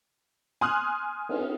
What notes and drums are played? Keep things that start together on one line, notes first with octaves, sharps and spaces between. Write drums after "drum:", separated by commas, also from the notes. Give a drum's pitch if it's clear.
G#5 C6 D#6 F6 F#6
drum: cymbal